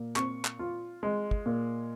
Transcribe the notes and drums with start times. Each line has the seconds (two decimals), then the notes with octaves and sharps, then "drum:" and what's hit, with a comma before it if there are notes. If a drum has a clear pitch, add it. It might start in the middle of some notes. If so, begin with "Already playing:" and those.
Already playing: A#2
0.16 C4 C#6, drum: clap
0.45 drum: clap
0.59 F4
1.03 G#3
1.31 drum: kick
1.46 A#2